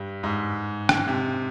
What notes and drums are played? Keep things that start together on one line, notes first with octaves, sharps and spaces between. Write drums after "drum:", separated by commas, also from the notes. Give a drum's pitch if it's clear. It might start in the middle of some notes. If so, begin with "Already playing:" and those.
Already playing: G2
G#2
drum: rim click
C3